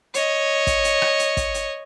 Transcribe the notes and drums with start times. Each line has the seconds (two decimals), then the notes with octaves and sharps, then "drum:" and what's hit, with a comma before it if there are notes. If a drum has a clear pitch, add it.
0.14 C#5 D#5, drum: hi-hat
0.67 drum: kick, hi-hat
0.84 drum: hi-hat
1.02 drum: rim click
1.19 drum: hi-hat
1.37 drum: kick, hi-hat
1.54 drum: hi-hat